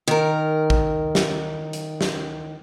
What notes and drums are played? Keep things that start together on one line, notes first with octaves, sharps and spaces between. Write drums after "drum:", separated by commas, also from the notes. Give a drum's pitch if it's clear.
D#3 A#4
drum: kick
drum: snare
drum: hi-hat
drum: snare